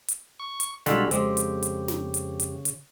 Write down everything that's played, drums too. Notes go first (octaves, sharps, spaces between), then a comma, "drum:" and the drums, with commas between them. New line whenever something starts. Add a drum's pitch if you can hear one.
drum: hi-hat
C#6
drum: hi-hat
B1 D3 G3 G#3 F4 F#4 E6 B6, drum: snare
F2 C#3 G#3 C4 G4, drum: hi-hat
drum: hi-hat
drum: hi-hat
drum: snare
drum: hi-hat
drum: hi-hat
drum: hi-hat